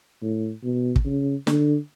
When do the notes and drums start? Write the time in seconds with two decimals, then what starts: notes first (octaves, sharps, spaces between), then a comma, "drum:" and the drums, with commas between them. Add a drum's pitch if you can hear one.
0.22 A2
0.64 B2
0.96 drum: kick
1.06 C#3
1.47 D3, drum: snare